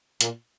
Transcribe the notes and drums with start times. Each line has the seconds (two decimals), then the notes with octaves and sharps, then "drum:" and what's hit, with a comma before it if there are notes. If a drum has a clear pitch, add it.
0.21 A#2, drum: hi-hat